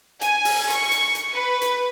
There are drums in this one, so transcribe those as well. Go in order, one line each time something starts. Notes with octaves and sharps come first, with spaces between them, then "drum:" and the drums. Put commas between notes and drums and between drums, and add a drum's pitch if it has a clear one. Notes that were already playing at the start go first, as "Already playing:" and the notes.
G#5, drum: hi-hat
drum: open hi-hat
C#6, drum: hi-hat
drum: hi-hat
drum: hi-hat
B4
drum: hi-hat